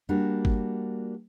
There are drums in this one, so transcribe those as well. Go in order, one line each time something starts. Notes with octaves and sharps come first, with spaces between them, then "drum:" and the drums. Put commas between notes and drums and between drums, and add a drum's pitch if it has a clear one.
G3 A#3 D4 F#4
drum: kick